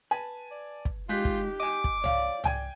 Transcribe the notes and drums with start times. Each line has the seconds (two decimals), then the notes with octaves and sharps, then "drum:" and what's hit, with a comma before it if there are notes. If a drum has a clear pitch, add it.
0.11 B4 G#5 A5
0.51 D5
0.85 drum: kick
1.09 G#3 D#4 F4 G4 F#6 G6 B6
1.25 drum: kick
1.60 D#5 G#5 D6
1.84 drum: kick
2.04 C#5 D5 F5, drum: tom C2
2.44 G5 G#5 G#6, drum: tom C2